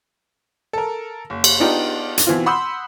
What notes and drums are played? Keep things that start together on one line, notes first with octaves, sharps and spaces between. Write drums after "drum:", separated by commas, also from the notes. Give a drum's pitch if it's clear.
A4 A#4
F#1
drum: cymbal
B3 D4 D#4 F4 G4
drum: hi-hat
B2 E3 C4 F4
F#5 B5 C6 D#6 E6 G6